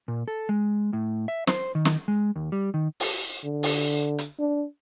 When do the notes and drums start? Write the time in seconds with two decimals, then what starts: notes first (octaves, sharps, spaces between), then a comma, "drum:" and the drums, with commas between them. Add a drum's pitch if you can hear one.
0.08 A#2
0.28 A4
0.49 G#3
0.93 A2
1.28 E5
1.47 C5, drum: snare
1.75 D#3
1.85 drum: snare
2.08 G#3
2.36 D#2
2.52 G3
2.74 D#3
3.00 drum: open hi-hat
3.44 D3
3.63 drum: open hi-hat
4.18 drum: hi-hat
4.39 D4